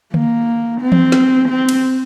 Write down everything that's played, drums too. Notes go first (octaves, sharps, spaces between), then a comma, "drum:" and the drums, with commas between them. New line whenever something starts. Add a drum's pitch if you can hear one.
A#3, drum: tom D3
C4
drum: tom E3
drum: snare
C4
drum: cymbal